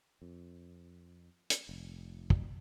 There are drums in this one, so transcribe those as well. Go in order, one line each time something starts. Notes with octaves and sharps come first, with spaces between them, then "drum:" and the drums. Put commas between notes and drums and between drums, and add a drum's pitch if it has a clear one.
F2
drum: hi-hat
F1
drum: kick